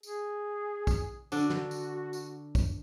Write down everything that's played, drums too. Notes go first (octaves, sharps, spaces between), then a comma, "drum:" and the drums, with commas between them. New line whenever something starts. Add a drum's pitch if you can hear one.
G#4, drum: tambourine
drum: kick, tambourine
D3 D4 F#4, drum: tambourine
drum: snare
drum: tambourine
drum: tambourine
drum: kick, tambourine